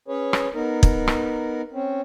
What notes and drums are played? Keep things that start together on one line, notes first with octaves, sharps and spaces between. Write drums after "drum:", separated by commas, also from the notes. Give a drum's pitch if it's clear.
C#4 G#4 B4 C#5
drum: rim click
B3 D#4 A#4
drum: kick
drum: rim click
C4 C#4